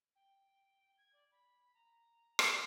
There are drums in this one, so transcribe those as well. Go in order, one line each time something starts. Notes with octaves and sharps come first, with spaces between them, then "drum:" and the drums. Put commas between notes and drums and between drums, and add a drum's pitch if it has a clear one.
G5
G#6
D5
B5
A#5
drum: rim click